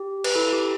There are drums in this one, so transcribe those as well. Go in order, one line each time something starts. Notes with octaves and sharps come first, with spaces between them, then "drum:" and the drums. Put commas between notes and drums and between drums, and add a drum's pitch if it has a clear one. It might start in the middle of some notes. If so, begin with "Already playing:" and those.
Already playing: G4
B4, drum: cymbal
E4 A4
G4